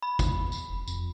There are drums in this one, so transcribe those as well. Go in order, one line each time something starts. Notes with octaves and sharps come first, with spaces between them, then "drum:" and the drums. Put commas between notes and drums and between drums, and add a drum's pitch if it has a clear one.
B5
E2, drum: kick, tambourine
drum: tambourine
F1
F2, drum: tambourine